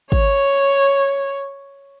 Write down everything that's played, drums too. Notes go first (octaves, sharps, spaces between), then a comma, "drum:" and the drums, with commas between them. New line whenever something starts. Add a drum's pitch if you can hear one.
C#5, drum: kick